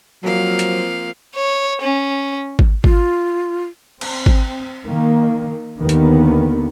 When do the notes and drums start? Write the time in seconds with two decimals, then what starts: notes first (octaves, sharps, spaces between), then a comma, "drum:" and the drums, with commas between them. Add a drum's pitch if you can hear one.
0.23 F3 F#3 A#3 C4 F5
0.59 drum: hi-hat
1.35 C#5
1.82 C#4
2.59 drum: kick G#1
2.84 F4, drum: kick G#1
4.01 C4, drum: cymbal
4.26 drum: kick G#1
4.85 D#3 A#3
5.79 D#2 D3 D#3 B3
5.89 drum: hi-hat